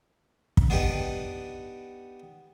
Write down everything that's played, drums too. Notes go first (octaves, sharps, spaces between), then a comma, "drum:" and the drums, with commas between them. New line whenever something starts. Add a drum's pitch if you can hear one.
drum: kick
B3 D4 D#4 G4 B4